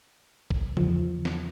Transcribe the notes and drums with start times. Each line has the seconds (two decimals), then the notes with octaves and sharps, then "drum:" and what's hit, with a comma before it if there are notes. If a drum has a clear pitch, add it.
0.50 drum: kick A#1
0.77 E2 F3, drum: tom C#3
1.25 drum: snare